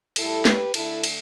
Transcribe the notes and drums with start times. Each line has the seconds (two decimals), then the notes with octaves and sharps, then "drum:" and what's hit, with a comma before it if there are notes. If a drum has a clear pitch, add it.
0.16 A2 G3 E4 A4, drum: cymbal
0.45 G4 B4, drum: snare
0.74 D3 A3 E4 A4, drum: cymbal
1.04 drum: cymbal